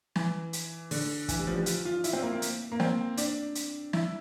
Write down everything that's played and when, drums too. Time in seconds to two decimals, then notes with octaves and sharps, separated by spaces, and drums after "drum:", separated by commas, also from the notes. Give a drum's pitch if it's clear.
0.16 E3, drum: snare
0.53 drum: hi-hat
0.91 D3, drum: open hi-hat
1.28 E3, drum: kick, hi-hat
1.38 G3
1.47 F3
1.58 G3
1.66 F4, drum: hi-hat
1.85 F4
2.04 E4, drum: hi-hat
2.13 C4
2.23 A#3
2.33 A#3
2.42 drum: hi-hat
2.72 A#3
2.80 C4, drum: snare
3.17 D4, drum: hi-hat
3.55 drum: hi-hat
3.93 E4, drum: snare